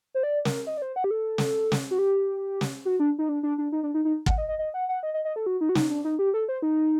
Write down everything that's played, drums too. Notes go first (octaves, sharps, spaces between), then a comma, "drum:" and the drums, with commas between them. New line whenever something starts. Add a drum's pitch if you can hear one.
C5
D5
A#4, drum: snare
D#5
D5
C5
F#5
G4
A4
drum: snare
drum: snare
F#4
G4
drum: snare
F#4
D4
D#4
D4
D4
D4
D#4
D4
D#4
D#4
F#5, drum: kick
D#5
D#5
D#5
F#5
F#5
D#5
D#5
D#5
A4
F#4
D#4
F#4
D#4, drum: snare
D4
D#4
G4
A4
C5
D#4